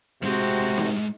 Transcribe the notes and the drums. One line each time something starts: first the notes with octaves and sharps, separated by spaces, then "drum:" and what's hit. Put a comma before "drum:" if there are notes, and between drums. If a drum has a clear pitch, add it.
A2 C3 G#3 C4 F#4
drum: snare